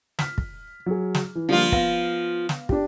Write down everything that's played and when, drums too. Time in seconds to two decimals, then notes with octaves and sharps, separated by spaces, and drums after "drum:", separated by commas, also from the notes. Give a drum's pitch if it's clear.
0.19 F6 B6, drum: snare
0.38 drum: kick
0.86 F#3 G#4
1.15 drum: snare
1.35 E3
1.49 D3 F3 G3 A#3 F4
1.72 B3 F5 A#6, drum: kick
2.49 drum: snare
2.69 D4 G4, drum: kick